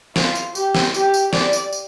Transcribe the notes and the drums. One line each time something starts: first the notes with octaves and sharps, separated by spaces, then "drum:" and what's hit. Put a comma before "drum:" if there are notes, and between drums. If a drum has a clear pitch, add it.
F4, drum: snare
drum: tambourine
G4, drum: tambourine
drum: snare
G4, drum: tambourine
drum: tambourine
D5, drum: snare
drum: tambourine
drum: tambourine